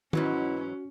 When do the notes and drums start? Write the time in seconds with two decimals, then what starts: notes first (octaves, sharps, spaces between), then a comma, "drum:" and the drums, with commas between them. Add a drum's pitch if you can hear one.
0.13 G#2 B2 E3 F#3 C#4 E4 F#4, drum: tom